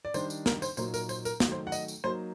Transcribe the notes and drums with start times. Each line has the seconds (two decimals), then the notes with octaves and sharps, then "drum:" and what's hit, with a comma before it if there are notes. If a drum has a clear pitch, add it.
0.05 D5
0.14 D#3 G3 D4 C5, drum: tambourine
0.30 drum: tambourine
0.46 A#4, drum: snare
0.62 C5, drum: tambourine
0.77 A#2 F#3 A#3 D#4 C5, drum: tambourine
0.94 A#4, drum: tambourine
1.09 C5, drum: tambourine
1.25 A#4, drum: tambourine
1.40 D#3 F#3 A3, drum: snare
1.52 C5
1.67 F#5
1.72 D#5, drum: tambourine
1.88 drum: tambourine
2.04 F#3 A#3 D#4 C5